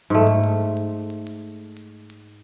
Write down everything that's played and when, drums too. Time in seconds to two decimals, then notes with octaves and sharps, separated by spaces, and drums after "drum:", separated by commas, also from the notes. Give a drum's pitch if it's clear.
0.10 G#2 A3
0.27 drum: hi-hat
0.44 drum: hi-hat
0.77 drum: hi-hat
1.10 drum: hi-hat
1.27 drum: open hi-hat
1.77 drum: hi-hat
2.10 drum: hi-hat